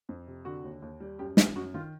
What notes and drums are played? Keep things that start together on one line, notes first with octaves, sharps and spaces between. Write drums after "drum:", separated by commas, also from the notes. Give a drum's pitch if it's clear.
F2
C3
D3 F#4
D#2
D#2
G3
F#2 G4
F#2 G4, drum: snare
F#2 F#4
D#3 F4